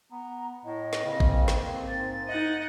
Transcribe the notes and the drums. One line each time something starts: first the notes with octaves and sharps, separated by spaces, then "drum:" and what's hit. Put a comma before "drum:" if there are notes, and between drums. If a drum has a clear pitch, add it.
B3 A#5
A2 D#5
drum: snare
C#3 A#3 C4
drum: kick G#1
drum: snare
G#2 A6
D#4 D#5 F#5